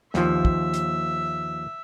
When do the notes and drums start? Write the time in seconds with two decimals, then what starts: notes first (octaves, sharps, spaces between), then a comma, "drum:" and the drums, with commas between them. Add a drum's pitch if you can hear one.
0.14 D#2 F3 E5, drum: snare
0.45 drum: kick
0.74 drum: hi-hat